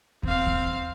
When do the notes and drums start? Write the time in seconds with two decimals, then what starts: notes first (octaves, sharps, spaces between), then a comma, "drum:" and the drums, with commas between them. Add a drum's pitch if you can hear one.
0.23 C4 F5, drum: kick D#2
0.46 drum: kick D#2